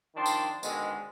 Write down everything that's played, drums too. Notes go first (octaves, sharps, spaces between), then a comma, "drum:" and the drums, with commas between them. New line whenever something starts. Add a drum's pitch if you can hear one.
D#3 F3 D4 G5 A5 C6
drum: tambourine
G#2 B2 D3 D#3 G#3, drum: tambourine